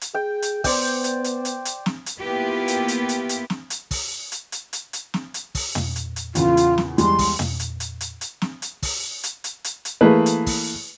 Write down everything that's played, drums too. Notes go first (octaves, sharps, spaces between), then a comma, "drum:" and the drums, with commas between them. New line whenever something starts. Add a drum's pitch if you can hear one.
drum: hi-hat
G#4 G5
drum: hi-hat
B3 C5 D5 G5, drum: kick, open hi-hat
drum: hi-hat
drum: hi-hat
drum: hi-hat
drum: hi-hat
drum: snare
drum: hi-hat
A#3 B3 E4 F4 G4 B4
drum: hi-hat
drum: hi-hat
drum: hi-hat
drum: hi-hat
drum: snare
drum: hi-hat
drum: kick, open hi-hat
drum: hi-hat
drum: hi-hat
drum: hi-hat
drum: hi-hat
drum: snare
drum: hi-hat
drum: kick, open hi-hat
drum: tom
drum: hi-hat
drum: hi-hat
E2 A#2 C#3 F4, drum: hi-hat
drum: hi-hat
drum: snare
E2 G3 G#3 C6, drum: hi-hat
drum: kick, open hi-hat
drum: tom
drum: hi-hat
drum: hi-hat
drum: hi-hat
drum: hi-hat
drum: snare
drum: hi-hat
drum: kick, open hi-hat
drum: hi-hat
drum: hi-hat
drum: hi-hat
drum: hi-hat
E3 A3 A#3 G#4 B4
drum: hi-hat
drum: kick, open hi-hat